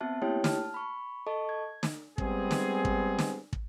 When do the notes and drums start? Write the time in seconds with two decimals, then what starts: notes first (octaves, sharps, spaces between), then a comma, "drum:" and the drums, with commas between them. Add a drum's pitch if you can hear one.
0.01 B3 C4 F#4 E5 A5
0.22 A3 A#3 E4 G4 C#5 G5
0.44 A5 F6, drum: snare
0.74 B5 C#6
1.27 A4 D#5 A5 C#6
1.49 G#6
1.83 drum: snare
2.18 G3 G#3 B3 C4 G#4, drum: kick
2.51 drum: snare
2.85 drum: kick
3.19 drum: snare
3.53 drum: kick